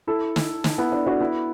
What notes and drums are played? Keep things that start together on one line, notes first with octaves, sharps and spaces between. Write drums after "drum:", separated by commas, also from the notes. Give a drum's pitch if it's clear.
E4 A4
drum: snare
drum: snare
B3 E4
D4
D4 F#4
B3 E4